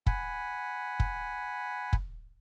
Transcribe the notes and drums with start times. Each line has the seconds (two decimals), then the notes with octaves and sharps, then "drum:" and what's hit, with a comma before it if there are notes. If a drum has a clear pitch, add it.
0.06 F#5 G#5 B5, drum: kick
1.00 drum: kick
1.93 drum: kick